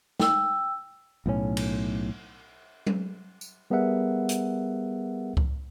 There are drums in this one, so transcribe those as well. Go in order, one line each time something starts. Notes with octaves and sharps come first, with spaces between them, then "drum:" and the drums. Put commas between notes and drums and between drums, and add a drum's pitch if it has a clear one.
G5 E6, drum: snare
B1 A2 E3 C#4
drum: cymbal
drum: tom F#3
drum: tambourine
G3 B3 G#4 A#4 E5 F#5
drum: hi-hat
drum: kick C#2